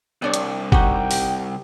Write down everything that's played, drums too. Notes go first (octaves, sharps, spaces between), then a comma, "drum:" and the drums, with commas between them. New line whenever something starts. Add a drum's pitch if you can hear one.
C2 B3 D4 C#5
drum: hi-hat
D#4 F#4 G4 F#5 G5, drum: kick G1
drum: open hi-hat